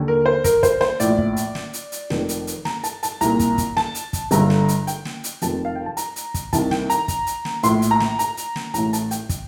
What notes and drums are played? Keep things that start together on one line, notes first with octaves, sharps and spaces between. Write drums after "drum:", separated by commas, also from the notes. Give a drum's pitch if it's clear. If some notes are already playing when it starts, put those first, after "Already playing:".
Already playing: D#2 D3
A#4
C5
A#4, drum: kick, hi-hat
C5, drum: kick, hi-hat
C5, drum: snare
A#1 A2 D5, drum: hi-hat
drum: kick
drum: hi-hat
drum: snare
drum: hi-hat
drum: hi-hat
F1 F2 D#3, drum: snare
drum: hi-hat
drum: hi-hat
A#5, drum: snare
A5, drum: hi-hat
A5, drum: hi-hat
C2 A#2 A#5, drum: hi-hat
drum: kick, hi-hat
drum: kick, hi-hat
A5, drum: snare
drum: hi-hat
drum: kick, hi-hat
G1 G2 D3 A#5, drum: hi-hat
drum: snare
drum: hi-hat
G5, drum: hi-hat
drum: snare
drum: hi-hat
F1 F2 D#3 A5, drum: hi-hat
F5
G5
A5
A#5, drum: hi-hat
drum: hi-hat
drum: kick, hi-hat
C2 C3 D#3 A5, drum: kick, hi-hat
G5, drum: snare
A#5, drum: hi-hat
drum: kick, hi-hat
drum: hi-hat
drum: snare
A#1 A2 C6, drum: hi-hat
drum: hi-hat
A#5
drum: snare
A#5, drum: hi-hat
drum: hi-hat
drum: snare
A1 A2 A#5, drum: hi-hat
A5, drum: hi-hat
G5, drum: hi-hat
drum: kick, hi-hat